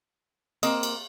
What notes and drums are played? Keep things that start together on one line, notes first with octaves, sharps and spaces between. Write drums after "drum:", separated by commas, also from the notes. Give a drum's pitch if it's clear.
A#3 C4 D#5, drum: cymbal
drum: cymbal